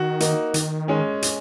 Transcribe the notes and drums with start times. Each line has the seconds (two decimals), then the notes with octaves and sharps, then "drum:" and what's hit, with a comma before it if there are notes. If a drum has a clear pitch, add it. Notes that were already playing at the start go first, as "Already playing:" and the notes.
Already playing: D#3 F#4
0.20 A#3 D#4, drum: hi-hat
0.54 D#3, drum: hi-hat
0.88 G#3 C#4
1.22 drum: hi-hat